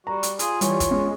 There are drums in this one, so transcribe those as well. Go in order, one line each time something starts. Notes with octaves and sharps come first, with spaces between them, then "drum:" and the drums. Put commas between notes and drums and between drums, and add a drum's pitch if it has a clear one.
G3 F#4 A#5
drum: hi-hat
F4 G#4, drum: hi-hat
E3 G3 C#5 G#5, drum: hi-hat
drum: kick, hi-hat
G#3 C#4